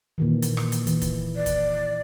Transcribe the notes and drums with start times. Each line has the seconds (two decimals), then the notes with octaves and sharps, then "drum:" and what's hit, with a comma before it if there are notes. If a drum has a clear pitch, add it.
0.18 A#2 D#3 E3
0.42 drum: hi-hat
0.57 drum: rim click
0.72 drum: hi-hat
0.87 E3, drum: hi-hat
1.02 drum: kick, hi-hat
1.36 D5
1.46 drum: kick, hi-hat